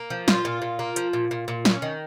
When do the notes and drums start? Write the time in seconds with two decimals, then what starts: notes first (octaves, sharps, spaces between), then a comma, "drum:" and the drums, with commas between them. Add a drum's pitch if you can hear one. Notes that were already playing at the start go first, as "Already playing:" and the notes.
Already playing: A#3
0.10 F3
0.28 A#2 F4, drum: snare
0.45 A#2
0.62 A#2
0.79 A#3
0.96 F3, drum: hi-hat
1.13 A#2
1.31 A#2
1.48 A#2
1.65 C#4, drum: snare
1.82 D#3